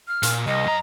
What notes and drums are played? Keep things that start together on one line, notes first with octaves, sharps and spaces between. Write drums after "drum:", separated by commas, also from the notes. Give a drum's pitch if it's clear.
F6
A#2, drum: hi-hat
C2 D#5
F#2 A#5